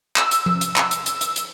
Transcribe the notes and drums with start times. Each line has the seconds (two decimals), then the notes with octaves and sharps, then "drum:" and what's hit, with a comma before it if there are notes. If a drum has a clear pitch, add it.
0.16 E6, drum: clap
0.31 drum: hi-hat
0.46 drum: tom F3
0.61 drum: hi-hat
0.76 drum: clap
0.91 drum: hi-hat
1.06 drum: hi-hat
1.21 drum: hi-hat
1.36 drum: hi-hat